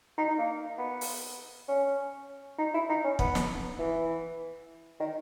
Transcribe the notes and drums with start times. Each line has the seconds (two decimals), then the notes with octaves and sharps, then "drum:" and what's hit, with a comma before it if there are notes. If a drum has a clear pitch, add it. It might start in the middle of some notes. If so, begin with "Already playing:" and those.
0.18 D#4
0.28 D#4
0.38 A#3
0.78 B3
1.01 drum: open hi-hat
1.68 C#4
2.58 D#4
2.74 E4
2.89 D#4
3.04 C#4
3.19 B3, drum: kick
3.35 drum: snare
3.79 E3
5.00 D#3